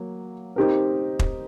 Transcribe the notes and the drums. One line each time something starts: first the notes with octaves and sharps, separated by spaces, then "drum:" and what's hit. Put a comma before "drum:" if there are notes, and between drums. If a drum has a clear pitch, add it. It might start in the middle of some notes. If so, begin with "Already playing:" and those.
Already playing: F#3 A#3
C4 D#4 G4 A#4
drum: kick